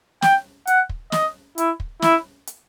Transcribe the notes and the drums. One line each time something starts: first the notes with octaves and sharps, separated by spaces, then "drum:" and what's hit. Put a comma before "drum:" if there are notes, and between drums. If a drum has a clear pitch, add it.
G5, drum: snare
F#5, drum: hi-hat
drum: kick
D#5, drum: snare
E4, drum: hi-hat
drum: kick
E4, drum: snare
drum: hi-hat